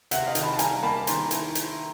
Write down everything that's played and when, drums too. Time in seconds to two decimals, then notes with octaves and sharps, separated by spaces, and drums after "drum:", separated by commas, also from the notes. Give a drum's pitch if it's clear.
0.11 C3 E5 F#5, drum: hi-hat
0.27 D#5 F5
0.35 D#3, drum: hi-hat
0.43 A5 B5
0.53 A5
0.59 G3 G#5 A#5, drum: hi-hat
0.83 A#3 A5 B5
1.07 D#3 A#5 C6, drum: hi-hat
1.31 E4, drum: hi-hat
1.55 drum: hi-hat